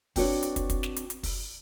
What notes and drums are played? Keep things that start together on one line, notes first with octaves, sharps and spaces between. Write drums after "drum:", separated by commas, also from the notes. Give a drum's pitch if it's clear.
C4 D4 F#4 B4 C#5, drum: kick, open hi-hat
drum: hi-hat
drum: kick, hi-hat
drum: kick, hi-hat
drum: snare
drum: hi-hat
drum: hi-hat
drum: kick, open hi-hat